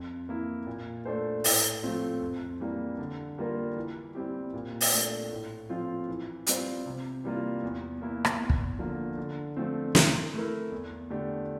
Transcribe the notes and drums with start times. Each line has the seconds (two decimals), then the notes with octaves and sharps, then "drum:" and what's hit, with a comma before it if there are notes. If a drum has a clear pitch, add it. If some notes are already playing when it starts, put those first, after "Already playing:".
Already playing: F2
0.28 E3 A#3 E4
0.67 A#2
1.05 A3 D4 A4 C5
1.44 A2, drum: open hi-hat
1.83 F3 A3 C4 F4
2.21 F2
2.60 E3 G3 A#3
2.99 D3
3.38 G3 A#3 F4 A#4
3.76 E3
4.15 G3 C4 E4 G4
4.54 A#2
4.81 drum: open hi-hat
4.92 A3 D4
5.31 A2
5.69 F3 C4 F4
6.08 E3
6.47 G3 C4 F4 C5, drum: hi-hat
6.86 C3
7.24 E3 G3 A#3 F4
7.63 E2
8.01 E3 A#3 E4
8.25 drum: rim click
8.40 E2
8.50 drum: kick
8.79 D3 F3 A#3
9.17 D3
9.56 F3 A3 C4 F4
9.95 E3, drum: snare
10.34 A3 E4 A#4
10.72 E2
11.10 D3 A3 D4 G4